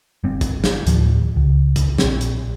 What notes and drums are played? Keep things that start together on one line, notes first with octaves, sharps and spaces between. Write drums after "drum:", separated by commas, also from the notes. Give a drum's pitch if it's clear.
G1 G3 C4
drum: kick, hi-hat
drum: snare
D2 A2 D#3 F3, drum: hi-hat
C#2
drum: kick, hi-hat
A#1 C4, drum: snare
drum: hi-hat